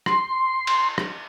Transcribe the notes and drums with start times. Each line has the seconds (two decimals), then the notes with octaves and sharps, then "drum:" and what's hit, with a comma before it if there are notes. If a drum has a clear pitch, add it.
0.06 C6, drum: rim click
0.67 drum: cymbal
0.98 drum: rim click